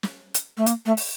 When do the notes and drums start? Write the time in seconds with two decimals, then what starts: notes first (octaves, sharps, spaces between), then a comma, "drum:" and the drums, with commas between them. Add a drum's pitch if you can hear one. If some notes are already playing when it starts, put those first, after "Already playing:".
0.03 drum: snare
0.34 drum: hi-hat
0.57 A3
0.66 A#3, drum: hi-hat
0.86 A3
0.97 drum: open hi-hat